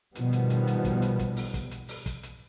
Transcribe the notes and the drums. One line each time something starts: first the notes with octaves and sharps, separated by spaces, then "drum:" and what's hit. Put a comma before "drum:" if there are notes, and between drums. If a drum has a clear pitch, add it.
G2 B2 D#3 F3 G3 B3, drum: hi-hat
drum: hi-hat
drum: hi-hat
drum: hi-hat
drum: kick, hi-hat
drum: hi-hat
drum: kick, hi-hat
drum: open hi-hat
drum: kick, hi-hat
drum: hi-hat
drum: open hi-hat
drum: kick, hi-hat
drum: hi-hat